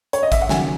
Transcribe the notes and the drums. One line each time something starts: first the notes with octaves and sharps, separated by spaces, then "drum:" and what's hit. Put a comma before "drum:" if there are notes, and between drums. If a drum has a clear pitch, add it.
C#5, drum: hi-hat
D#5
E5, drum: kick A1, hi-hat
F#5
D#2 C#3 F#3 G#5, drum: snare